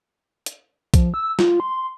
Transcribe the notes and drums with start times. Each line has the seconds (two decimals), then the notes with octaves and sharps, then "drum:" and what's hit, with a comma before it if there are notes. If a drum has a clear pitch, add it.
0.46 drum: hi-hat
0.94 F3, drum: kick, hi-hat
1.14 E6
1.39 F4, drum: snare
1.60 C6